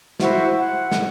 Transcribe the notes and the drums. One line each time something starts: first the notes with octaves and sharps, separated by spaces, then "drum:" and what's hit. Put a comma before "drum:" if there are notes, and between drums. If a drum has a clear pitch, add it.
E4 F#4 C5 E5, drum: snare
F#5
drum: snare